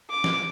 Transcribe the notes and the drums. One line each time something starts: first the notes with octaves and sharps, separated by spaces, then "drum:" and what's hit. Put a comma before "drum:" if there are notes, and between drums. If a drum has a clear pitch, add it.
D6
drum: snare